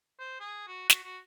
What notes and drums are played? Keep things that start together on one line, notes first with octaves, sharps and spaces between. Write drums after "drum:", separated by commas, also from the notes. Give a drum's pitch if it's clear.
C5
G#4
F#4
F#4, drum: snare
F#4